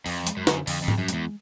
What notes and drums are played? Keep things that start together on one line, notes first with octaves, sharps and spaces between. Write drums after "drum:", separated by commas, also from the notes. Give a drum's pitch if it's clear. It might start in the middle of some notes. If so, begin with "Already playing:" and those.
F2 F3, drum: open hi-hat
G#3, drum: hi-hat
F#2
D3, drum: snare
F2 D3, drum: open hi-hat
F2
F3, drum: tom G#2
F#2
G#3, drum: hi-hat
E2